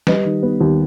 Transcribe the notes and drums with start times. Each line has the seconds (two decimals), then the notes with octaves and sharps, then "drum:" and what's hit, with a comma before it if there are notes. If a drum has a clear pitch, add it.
0.07 G3 B4 D#5, drum: snare
0.25 D#3
0.43 B3
0.61 D#2